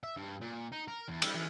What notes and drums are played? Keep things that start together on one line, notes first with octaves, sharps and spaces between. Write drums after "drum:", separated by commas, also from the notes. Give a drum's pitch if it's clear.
E5
G2
A#2
D#4
A#4
E2
G3, drum: cymbal
E2